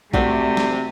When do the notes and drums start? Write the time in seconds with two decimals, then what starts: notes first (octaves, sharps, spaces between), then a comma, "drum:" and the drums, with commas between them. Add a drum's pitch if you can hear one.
0.13 C3 A3 F#4 D5, drum: kick A#1
0.57 drum: snare